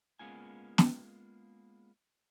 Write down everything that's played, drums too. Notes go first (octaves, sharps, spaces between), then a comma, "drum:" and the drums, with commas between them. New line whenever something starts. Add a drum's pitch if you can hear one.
G#3 A#3 B3 C#4 F4 G#5
drum: snare